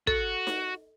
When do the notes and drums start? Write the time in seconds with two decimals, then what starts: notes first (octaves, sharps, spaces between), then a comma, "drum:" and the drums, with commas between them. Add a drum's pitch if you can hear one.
0.07 F#4 A4, drum: kick
0.47 drum: snare D#4